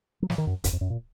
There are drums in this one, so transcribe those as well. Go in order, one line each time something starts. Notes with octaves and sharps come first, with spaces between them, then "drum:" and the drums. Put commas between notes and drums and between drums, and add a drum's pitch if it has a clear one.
F#3
F3, drum: snare
D#3
F#2
F#2, drum: kick, hi-hat
F2
F#2
A#2